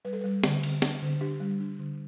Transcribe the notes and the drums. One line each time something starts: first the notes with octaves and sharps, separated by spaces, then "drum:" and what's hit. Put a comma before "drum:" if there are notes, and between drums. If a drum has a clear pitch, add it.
G3 B4
A4
G3 B4
D3, drum: snare
D3, drum: cymbal
D4, drum: snare
D3
D4 G4
G3
D4
D3